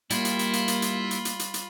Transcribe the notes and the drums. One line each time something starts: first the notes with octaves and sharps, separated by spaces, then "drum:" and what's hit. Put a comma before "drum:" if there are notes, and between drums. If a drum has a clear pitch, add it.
G3 A#3 E4 F4 B5, drum: hi-hat
drum: hi-hat
drum: hi-hat
drum: hi-hat
drum: hi-hat
drum: hi-hat
drum: hi-hat
drum: hi-hat
drum: hi-hat
drum: hi-hat